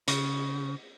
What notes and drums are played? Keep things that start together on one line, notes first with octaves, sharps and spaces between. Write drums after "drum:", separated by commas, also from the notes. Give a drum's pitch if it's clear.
C#3, drum: hi-hat